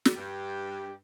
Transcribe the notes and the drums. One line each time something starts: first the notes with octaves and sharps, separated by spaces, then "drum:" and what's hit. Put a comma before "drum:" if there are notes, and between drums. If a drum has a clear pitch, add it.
drum: snare
G2 G4